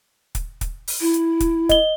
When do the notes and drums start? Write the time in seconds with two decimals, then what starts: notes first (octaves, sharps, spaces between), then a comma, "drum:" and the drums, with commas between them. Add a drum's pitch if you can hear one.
0.35 drum: kick, hi-hat
0.61 drum: kick, hi-hat
0.88 drum: open hi-hat
1.01 E4
1.14 drum: hi-hat
1.40 drum: kick, hi-hat
1.69 D#5 G7, drum: kick, hi-hat